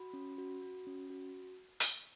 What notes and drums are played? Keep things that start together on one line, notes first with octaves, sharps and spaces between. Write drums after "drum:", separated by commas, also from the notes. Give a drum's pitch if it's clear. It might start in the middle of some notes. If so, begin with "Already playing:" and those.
Already playing: F#4 B5
C#4
F#4
F#4
C#4
F#4
drum: hi-hat